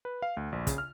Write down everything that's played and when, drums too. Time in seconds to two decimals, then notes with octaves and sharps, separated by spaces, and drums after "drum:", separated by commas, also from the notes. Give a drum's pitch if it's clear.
0.05 B4
0.22 F5
0.37 D2
0.52 A#1
0.67 C#3, drum: kick, hi-hat
0.78 F6